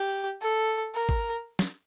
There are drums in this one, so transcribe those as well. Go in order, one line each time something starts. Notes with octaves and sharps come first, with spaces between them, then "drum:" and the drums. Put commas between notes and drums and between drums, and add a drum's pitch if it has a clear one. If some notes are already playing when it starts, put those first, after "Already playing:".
Already playing: G4
A4
A#4
drum: kick G#1
drum: snare